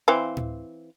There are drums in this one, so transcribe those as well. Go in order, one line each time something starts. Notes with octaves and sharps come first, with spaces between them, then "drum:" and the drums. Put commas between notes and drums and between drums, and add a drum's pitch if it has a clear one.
E3 C4 F5
drum: tom A2